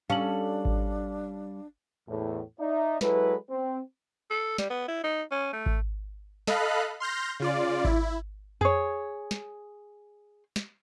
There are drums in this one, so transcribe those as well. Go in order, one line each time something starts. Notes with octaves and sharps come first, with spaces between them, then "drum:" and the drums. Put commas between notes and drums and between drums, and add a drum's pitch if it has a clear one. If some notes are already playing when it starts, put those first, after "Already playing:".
G3 C#4 D4 A4 F5 F#7
drum: kick G#1
E2 A2
D#4 D5 E5
F#3 G#3 E4 A4 B4, drum: snare
C4
A4
G3, drum: snare
B3
E4
D#4
C#4
A3
drum: kick G#1
A4 D#5 F5 B5 F#6, drum: snare
C6 F6 G6 A#6
C#3 F4 D5
E4, drum: kick G#1
G#4 C#5, drum: tom F2
drum: snare
drum: snare